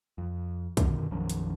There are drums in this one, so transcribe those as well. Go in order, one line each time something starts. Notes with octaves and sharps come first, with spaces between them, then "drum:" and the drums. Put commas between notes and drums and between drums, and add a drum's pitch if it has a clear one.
F2
F#2 B2 D3 D#3, drum: kick, hi-hat
B1 F#2 D#3 F3
drum: hi-hat